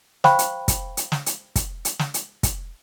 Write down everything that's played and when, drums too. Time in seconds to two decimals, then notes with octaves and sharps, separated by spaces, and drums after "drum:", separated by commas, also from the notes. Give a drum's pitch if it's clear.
0.24 C5 F5 G5 B5 C#6, drum: snare
0.39 drum: hi-hat
0.68 drum: kick, hi-hat
0.97 drum: hi-hat
1.12 drum: snare
1.26 drum: hi-hat
1.56 drum: kick, hi-hat
1.85 drum: hi-hat
1.99 drum: snare
2.14 drum: hi-hat
2.43 drum: kick, hi-hat